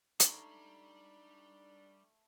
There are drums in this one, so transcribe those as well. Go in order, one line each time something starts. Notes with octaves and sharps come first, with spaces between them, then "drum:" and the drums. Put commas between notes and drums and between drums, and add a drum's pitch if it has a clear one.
G3 A3 D4 D#4 A#5 B5 C7, drum: hi-hat